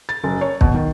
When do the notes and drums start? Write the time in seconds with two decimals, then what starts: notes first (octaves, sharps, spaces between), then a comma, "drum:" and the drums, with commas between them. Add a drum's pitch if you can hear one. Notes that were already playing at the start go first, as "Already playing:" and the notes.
0.09 A6
0.24 F#1
0.41 C#5
0.61 B2, drum: kick
0.74 D#3